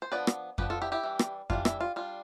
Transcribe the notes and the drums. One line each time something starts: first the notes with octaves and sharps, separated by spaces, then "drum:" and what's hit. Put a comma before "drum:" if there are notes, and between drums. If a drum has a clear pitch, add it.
C5
F3 B3 D4 B4 D5
drum: rim click
F3 B3 D4 G4 B4, drum: kick F2
F4 A4
E4 G4
E4 G4
E3 G3 D4
drum: rim click
E3 G3 D4 F4, drum: kick F2
E4, drum: rim click
F4
G3 D4 F4